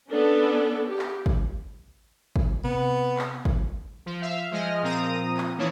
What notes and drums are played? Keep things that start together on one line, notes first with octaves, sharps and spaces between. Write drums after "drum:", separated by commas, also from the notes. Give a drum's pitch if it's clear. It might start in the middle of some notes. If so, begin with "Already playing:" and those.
B3 C#4 D4 A4
G4
drum: clap
drum: kick
drum: kick
C3 B3
drum: clap
drum: kick
F3
E5 F5
F3 G#3 D#5 F6
A#2 F3 C4 A#5 D#6
drum: clap
E3 A#3 C#4 D4 E4 C#5